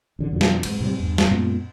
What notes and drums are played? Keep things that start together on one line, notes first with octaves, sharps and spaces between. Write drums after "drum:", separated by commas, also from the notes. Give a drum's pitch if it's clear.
A1 D3
F2 B2 D3
drum: snare
G#1 G#2, drum: cymbal
A2 C3 E3 G3
E2 G2
drum: snare
F#2 A#2 G#3 B3